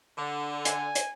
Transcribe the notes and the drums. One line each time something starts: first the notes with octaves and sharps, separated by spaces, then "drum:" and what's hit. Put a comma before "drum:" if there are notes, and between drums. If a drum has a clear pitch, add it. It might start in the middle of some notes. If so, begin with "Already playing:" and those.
D3
G#5, drum: hi-hat
drum: hi-hat